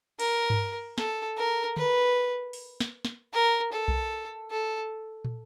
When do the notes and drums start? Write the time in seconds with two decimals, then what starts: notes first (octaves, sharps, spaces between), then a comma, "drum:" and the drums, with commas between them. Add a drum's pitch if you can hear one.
0.19 A#4, drum: cymbal
0.50 drum: tom G2
0.98 A4, drum: snare
1.37 A#4
1.77 B4, drum: tom D3
2.53 drum: open hi-hat
2.80 drum: snare
3.05 drum: snare
3.34 A#4
3.72 A4
3.88 drum: kick B1
4.51 A4
5.25 drum: tom